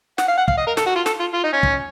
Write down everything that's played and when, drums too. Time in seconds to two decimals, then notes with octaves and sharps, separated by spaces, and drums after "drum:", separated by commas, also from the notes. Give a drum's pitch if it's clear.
0.18 F#5, drum: snare
0.28 F5
0.38 F#5
0.48 F5, drum: kick
0.57 D#5
0.67 A#4
0.77 A4, drum: snare
0.86 F#4
0.96 F4
1.06 A4, drum: snare
1.20 F4
1.34 F4
1.44 D#4
1.53 C#4
1.63 drum: kick